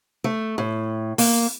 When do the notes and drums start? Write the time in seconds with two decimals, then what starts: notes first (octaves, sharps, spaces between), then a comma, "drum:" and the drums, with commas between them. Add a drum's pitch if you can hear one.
0.24 A3
0.58 A2
1.18 A#3, drum: open hi-hat